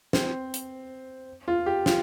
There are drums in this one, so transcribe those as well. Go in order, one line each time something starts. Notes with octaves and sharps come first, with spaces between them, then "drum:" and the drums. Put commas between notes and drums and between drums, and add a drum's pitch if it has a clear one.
C4, drum: snare
drum: hi-hat
F4
G4
F4, drum: snare